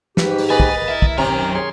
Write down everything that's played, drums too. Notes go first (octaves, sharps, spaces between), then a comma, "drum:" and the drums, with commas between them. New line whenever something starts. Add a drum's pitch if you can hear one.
G#2 G4 B4, drum: snare
drum: open hi-hat
A#3 B4 D#5 G#5 A6
drum: kick
E4 A#4 E5
drum: kick
F#2 B2 D#3 C4 G4 A#5
G#4 C#5 C6